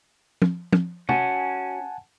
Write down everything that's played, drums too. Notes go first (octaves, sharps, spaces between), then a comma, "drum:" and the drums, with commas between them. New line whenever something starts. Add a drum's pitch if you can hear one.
drum: tom
drum: tom
C#4 F#4 F#5 G#5 A5, drum: tom